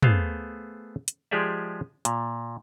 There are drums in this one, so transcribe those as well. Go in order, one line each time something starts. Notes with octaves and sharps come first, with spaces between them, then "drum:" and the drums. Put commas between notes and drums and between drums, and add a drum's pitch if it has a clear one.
A3 B3 G#4 C5 F5, drum: tom
drum: hi-hat
F3 G#3 G4 G#4 D5 E5
A#2, drum: hi-hat